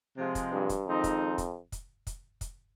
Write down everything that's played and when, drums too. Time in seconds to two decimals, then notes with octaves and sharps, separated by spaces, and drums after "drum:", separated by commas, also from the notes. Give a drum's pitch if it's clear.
0.17 C3 F3 G#3
0.35 drum: kick, hi-hat
0.52 G2
0.69 drum: kick, hi-hat
0.87 F2 D#3 G#3 C4 D#4
1.04 drum: kick, hi-hat
1.38 drum: kick, hi-hat
1.72 drum: kick, hi-hat
2.07 drum: kick, hi-hat
2.41 drum: kick, hi-hat